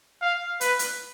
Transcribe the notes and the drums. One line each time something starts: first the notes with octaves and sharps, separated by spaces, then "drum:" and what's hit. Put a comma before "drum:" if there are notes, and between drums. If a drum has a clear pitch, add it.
F5
B4, drum: hi-hat
drum: hi-hat